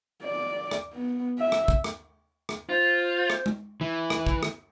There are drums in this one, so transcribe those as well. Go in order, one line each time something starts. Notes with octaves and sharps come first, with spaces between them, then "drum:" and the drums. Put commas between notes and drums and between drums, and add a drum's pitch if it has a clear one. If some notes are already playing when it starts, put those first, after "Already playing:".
D5
drum: rim click
B3
E5
drum: rim click
drum: kick
drum: rim click
drum: rim click
F4 C5
drum: rim click
drum: tom G#3
E3
drum: rim click
drum: kick
drum: rim click